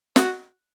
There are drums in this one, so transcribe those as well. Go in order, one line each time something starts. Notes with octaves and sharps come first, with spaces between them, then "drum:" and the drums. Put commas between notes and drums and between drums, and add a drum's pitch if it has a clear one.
F#4, drum: snare